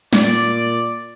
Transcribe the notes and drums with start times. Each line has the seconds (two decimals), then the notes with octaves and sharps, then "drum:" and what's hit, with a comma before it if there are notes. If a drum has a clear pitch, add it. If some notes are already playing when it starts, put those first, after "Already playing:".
0.13 A#2 D5, drum: snare G3